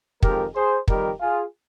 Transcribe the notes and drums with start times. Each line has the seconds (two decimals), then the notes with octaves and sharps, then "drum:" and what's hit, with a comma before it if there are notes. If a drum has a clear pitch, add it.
0.23 F2 D#3 G#3 G4 A#4, drum: kick
0.55 G#4 C5
0.88 F2 D#3 G3 G4 A#4, drum: kick
1.20 F4 G#4